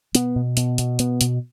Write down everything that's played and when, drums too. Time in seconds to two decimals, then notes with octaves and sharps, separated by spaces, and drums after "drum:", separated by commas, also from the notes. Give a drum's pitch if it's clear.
0.15 B2 B3, drum: hi-hat
0.36 B2
0.57 B2, drum: hi-hat
0.78 B2, drum: hi-hat
0.99 B2 B3, drum: hi-hat
1.21 B2, drum: hi-hat